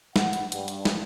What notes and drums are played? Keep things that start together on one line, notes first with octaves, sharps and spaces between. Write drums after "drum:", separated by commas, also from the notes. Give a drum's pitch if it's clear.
F#5, drum: snare
drum: hi-hat
G2, drum: hi-hat
drum: hi-hat
drum: snare